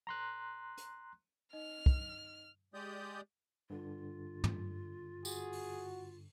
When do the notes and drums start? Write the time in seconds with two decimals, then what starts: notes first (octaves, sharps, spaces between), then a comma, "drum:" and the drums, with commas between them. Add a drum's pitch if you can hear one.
0.07 A#5 C6 F#6
0.77 drum: hi-hat
1.53 D#4 D#5 F6
1.86 drum: kick
2.74 G#3 G4 D5 D#6 G6
3.70 G2 D3 F4
4.44 drum: tom
5.25 F#4 G#4, drum: tambourine
5.53 drum: open hi-hat